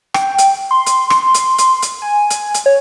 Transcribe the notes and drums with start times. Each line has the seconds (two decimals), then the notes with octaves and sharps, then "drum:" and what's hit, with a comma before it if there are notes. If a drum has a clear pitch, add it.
0.14 G5, drum: rim click
0.38 drum: hi-hat
0.71 C6
0.86 drum: hi-hat
1.10 drum: rim click
1.34 drum: hi-hat
1.58 drum: hi-hat
1.82 drum: hi-hat
2.02 G#5
2.30 drum: hi-hat
2.54 drum: hi-hat
2.66 C#5